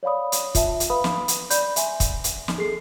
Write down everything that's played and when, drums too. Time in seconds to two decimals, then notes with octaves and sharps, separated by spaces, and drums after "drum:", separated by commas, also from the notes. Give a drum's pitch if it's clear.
0.03 C#5 D5 F5 B5 D#6
0.32 drum: hi-hat
0.55 F4 E5 A5, drum: kick, hi-hat
0.80 drum: hi-hat
0.90 B4 F5 B5 D#6
1.04 drum: snare
1.28 drum: hi-hat
1.50 D5 B5 G6, drum: hi-hat
1.76 E5 G#5 C6, drum: hi-hat
2.00 drum: kick, hi-hat
2.24 drum: hi-hat
2.48 drum: snare
2.58 G#4 A4 C7